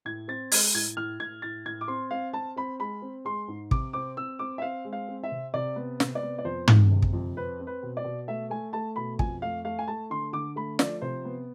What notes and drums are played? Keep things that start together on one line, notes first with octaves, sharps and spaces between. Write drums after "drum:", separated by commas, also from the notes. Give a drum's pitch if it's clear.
A2 G#6
C4 A6
G#3 G#6, drum: open hi-hat
A2 G#6
A2 F6
A2 G#6
A2 A6
A2 G#6
D6
C4 C6
C4 F5
C4 A5
C4 B5
G#3 B5
C4
G#3 C6
G#2
C3 D6, drum: kick
C4 D6
C4 E6
C4 D6
E5
C4 F5
G#3
F5
C4
E5
C3
C3 D5
B3
C3, drum: snare
D5
B3
D5
F2 C5
G#3, drum: tom
C3
drum: kick
F2
C4 B4
C4
B4
B2
D5
B2
A3 E5
A3 G#5
A3 A5
B2 B5
F2 G#5, drum: kick
A3 F5
A3 F5
G#5
A3 A5
D3 C6
D3 D6
A3 B5
F3 D5, drum: snare
C3 C5
B3